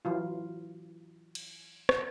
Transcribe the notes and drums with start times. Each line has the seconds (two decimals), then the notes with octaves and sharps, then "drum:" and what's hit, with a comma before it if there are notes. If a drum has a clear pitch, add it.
0.05 E3 F#3 F4
1.35 drum: cymbal
1.89 drum: rim click